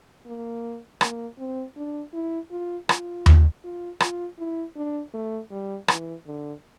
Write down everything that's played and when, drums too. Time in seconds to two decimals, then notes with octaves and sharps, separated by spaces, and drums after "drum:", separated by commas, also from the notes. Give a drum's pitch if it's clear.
0.26 A#3
1.01 A#3, drum: rim click
1.39 C4
1.76 D4
2.13 E4
2.51 F4
2.89 F4, drum: rim click
3.26 drum: tom D#2
3.64 F4
4.00 F4, drum: rim click
4.38 E4
4.76 D4
5.14 A3
5.51 G3
5.88 E3, drum: rim click
6.26 D3